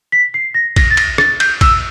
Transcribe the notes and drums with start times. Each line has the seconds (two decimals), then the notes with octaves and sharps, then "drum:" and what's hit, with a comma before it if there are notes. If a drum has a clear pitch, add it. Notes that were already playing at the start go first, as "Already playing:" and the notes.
0.12 B6
0.34 C7
0.54 A#6
0.76 A#6, drum: kick, cymbal
0.91 A6
0.97 A#6, drum: cymbal
1.18 A6, drum: rim click
1.40 G6, drum: cymbal
1.61 E6, drum: kick, cymbal